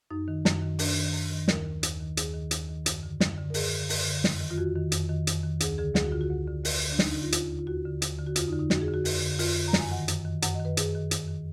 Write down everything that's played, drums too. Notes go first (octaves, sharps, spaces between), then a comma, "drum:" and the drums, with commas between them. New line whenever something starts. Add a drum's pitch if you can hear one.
F#2 D#4
D#3
F#2, drum: snare
D#3
F#2 D4, drum: open hi-hat
D#3
F#2
D#3
D#2 A#4, drum: snare
D#3
D#2, drum: hi-hat
D#3
D#2 G#4, drum: hi-hat
D#3
D#2, drum: hi-hat
D#3
F#2, drum: hi-hat
D3
F#2, drum: snare
D3
A#4
F#2 G#4, drum: open hi-hat
D3
F#2, drum: open hi-hat
D3
F2, drum: snare
D#3
F4
F2 F#4
D#3
F2, drum: hi-hat
D#3
F2, drum: hi-hat
D#3
D2 G#4, drum: hi-hat
D3 G#4
D2 G#4, drum: snare
F#4
D3 F4
F#4
D2
D3
D2, drum: open hi-hat
D3
D4
D#2 D#4, drum: snare
D#4
D3
F4
D#2 F4, drum: hi-hat
D3
F4
D#2 F#4
D3
D#2, drum: hi-hat
D3
F#4
F2 F4, drum: hi-hat
D#4
D3
D#4
F2 F#4, drum: snare
G#4
D3
F#4
F2, drum: open hi-hat
D3
F2 F4, drum: open hi-hat
D3
A#5
F#2, drum: snare
G#5
D#3 F#5
F#2, drum: hi-hat
D#3
F#2 F#5, drum: hi-hat
D#5
D#3
B4
F#2 G#4, drum: hi-hat
D#3
F2, drum: hi-hat
D#3